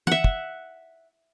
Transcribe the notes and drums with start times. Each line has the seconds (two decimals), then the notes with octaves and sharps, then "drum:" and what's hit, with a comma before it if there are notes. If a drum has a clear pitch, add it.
0.07 E5 F#5, drum: tom
0.24 drum: kick